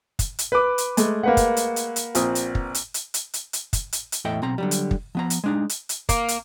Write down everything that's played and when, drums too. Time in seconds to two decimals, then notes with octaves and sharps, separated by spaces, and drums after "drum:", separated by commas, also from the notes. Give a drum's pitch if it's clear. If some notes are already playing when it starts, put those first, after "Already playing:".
0.19 drum: kick, hi-hat
0.39 drum: hi-hat
0.52 B4 D6
0.78 drum: hi-hat
0.97 G#3 A3, drum: hi-hat
1.23 A#3 B4 F#5
1.37 drum: kick, hi-hat
1.57 drum: hi-hat
1.76 drum: hi-hat
1.96 drum: hi-hat
2.15 A#1 C4 D#6, drum: hi-hat
2.35 drum: hi-hat
2.55 drum: kick
2.75 drum: hi-hat
2.94 drum: hi-hat
3.14 drum: hi-hat
3.34 drum: hi-hat
3.53 drum: hi-hat
3.73 drum: kick, hi-hat
3.92 drum: hi-hat
4.12 drum: hi-hat
4.25 E2 A2 A4 D#5 E5 G5
4.42 B1 C4 A#5
4.58 D3 F#3 G3
4.71 drum: hi-hat
4.91 drum: kick
5.15 F3 B3 A#5
5.30 drum: hi-hat
5.44 G#3 D4 D#4
5.69 drum: hi-hat
5.89 drum: hi-hat
6.09 A#3, drum: kick, hi-hat
6.28 drum: hi-hat